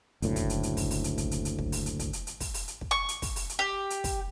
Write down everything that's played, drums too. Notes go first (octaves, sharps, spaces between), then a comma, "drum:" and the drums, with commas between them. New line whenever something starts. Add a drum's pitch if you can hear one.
F#1 D2 A2, drum: hi-hat
drum: kick, hi-hat
drum: hi-hat
drum: hi-hat
drum: kick, open hi-hat
drum: open hi-hat
drum: hi-hat
drum: kick, hi-hat
drum: hi-hat
drum: hi-hat
drum: kick
drum: open hi-hat
drum: hi-hat
drum: kick, hi-hat
drum: hi-hat
drum: hi-hat
drum: kick, open hi-hat
drum: open hi-hat
drum: hi-hat
drum: kick
C#6
drum: hi-hat
drum: kick, open hi-hat
drum: open hi-hat
drum: hi-hat
G4
drum: hi-hat
drum: kick, open hi-hat